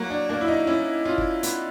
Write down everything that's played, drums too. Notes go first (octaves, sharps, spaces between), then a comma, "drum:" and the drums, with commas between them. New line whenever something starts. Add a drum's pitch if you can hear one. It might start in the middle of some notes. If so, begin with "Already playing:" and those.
Already playing: F#3 A#3
D4
A#3 D4
E4
D#4
C#4 E4
C#4 F4
drum: kick G1
B3, drum: hi-hat